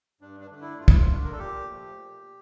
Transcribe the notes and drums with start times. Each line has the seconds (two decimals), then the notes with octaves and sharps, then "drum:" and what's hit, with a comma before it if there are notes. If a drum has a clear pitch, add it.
0.21 G2 D4
0.40 D4
0.50 D3 A3 D4
0.61 E4
0.80 G2 F4
0.88 E4, drum: kick
0.96 F4
1.09 D3 A3 D4
1.25 A#4
1.32 A4
1.39 A#2 G4
1.68 F3 A3
1.97 A#2